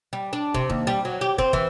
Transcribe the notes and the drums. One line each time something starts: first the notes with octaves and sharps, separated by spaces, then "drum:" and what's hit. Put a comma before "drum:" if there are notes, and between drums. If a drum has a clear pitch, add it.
G3
D4
C3, drum: kick
D#2, drum: kick
G3
F#3
G4
C4, drum: kick
E3, drum: kick